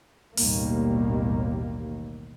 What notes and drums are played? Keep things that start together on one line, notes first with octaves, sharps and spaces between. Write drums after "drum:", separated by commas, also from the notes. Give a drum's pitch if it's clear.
A1 D#2 B2 D#3 G3 A#3, drum: open hi-hat